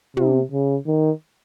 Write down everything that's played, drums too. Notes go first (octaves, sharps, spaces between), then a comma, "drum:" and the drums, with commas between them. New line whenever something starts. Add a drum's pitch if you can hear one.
C3, drum: tom
C#3
D#3